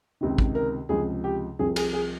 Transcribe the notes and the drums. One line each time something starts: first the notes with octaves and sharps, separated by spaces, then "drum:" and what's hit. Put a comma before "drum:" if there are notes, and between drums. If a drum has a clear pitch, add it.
C#2 C3 D#3
drum: kick
A#4
C#2 C3 F3 G#4
G4
C2 C3 F3 G#4
G#4, drum: cymbal
G#4